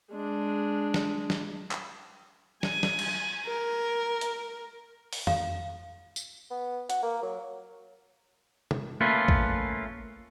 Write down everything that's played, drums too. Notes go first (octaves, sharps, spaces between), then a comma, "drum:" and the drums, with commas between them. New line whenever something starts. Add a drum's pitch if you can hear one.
G#3 D4
drum: snare
drum: snare
drum: clap
G#5, drum: snare
drum: snare
drum: cymbal
A#4
drum: hi-hat
drum: open hi-hat
F5, drum: tom F2
drum: tambourine
B3
F#4, drum: hi-hat
A#3
F#3
drum: tom
A3 A#3 C#4 F4 A4 B4
drum: kick A1